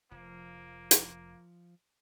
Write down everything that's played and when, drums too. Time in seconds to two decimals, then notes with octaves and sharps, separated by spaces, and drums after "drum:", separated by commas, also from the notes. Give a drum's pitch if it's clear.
0.12 F1 F3 A#3
0.91 drum: hi-hat